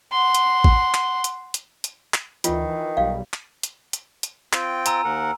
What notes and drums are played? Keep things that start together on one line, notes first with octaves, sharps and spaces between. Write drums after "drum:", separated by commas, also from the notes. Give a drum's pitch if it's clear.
F#5 C6
drum: hi-hat
drum: kick
drum: clap
drum: hi-hat
drum: hi-hat
drum: hi-hat
drum: clap
D2 D#3 E3 F4, drum: hi-hat
E3
B1 G3 F5
drum: clap
drum: hi-hat
drum: hi-hat
drum: hi-hat
C4 F4 G5, drum: clap
G#5 A#5 E6, drum: hi-hat
D#2 A#4 F#5